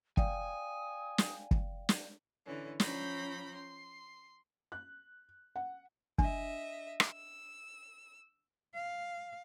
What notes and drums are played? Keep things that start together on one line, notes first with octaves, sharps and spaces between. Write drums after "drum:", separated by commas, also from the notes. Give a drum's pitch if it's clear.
D5 F5 G5 G#5 D#6, drum: kick
drum: snare
drum: kick
drum: snare
D3 E3 C#4
F3 C#4 G5 A#5 B5 G6, drum: snare
C6
F#6
F#5
D4 D#5 E5, drum: kick
drum: rim click
E6
F5